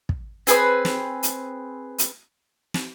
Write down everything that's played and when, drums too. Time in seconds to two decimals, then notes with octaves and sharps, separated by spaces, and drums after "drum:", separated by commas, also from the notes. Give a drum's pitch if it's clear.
0.09 drum: kick
0.47 C4 G#4 B4 D#6, drum: hi-hat
0.85 drum: snare
1.23 drum: hi-hat
1.98 drum: hi-hat
2.74 drum: snare